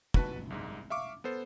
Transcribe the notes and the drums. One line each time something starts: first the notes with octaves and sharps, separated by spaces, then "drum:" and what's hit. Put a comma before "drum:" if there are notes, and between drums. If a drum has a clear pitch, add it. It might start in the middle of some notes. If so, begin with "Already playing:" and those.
F#4 B4 A5, drum: kick
C2 G#2
E5 F5 C#6 D6
B3 A4 C5